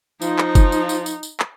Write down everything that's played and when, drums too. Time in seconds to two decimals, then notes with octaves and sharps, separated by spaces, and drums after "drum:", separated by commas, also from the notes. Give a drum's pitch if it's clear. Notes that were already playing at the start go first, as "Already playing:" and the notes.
0.22 F3 D#4, drum: tambourine
0.38 drum: clap
0.55 drum: kick F#1, tambourine
0.72 drum: tambourine
0.89 drum: tambourine
1.06 drum: tambourine
1.23 drum: tambourine
1.40 drum: clap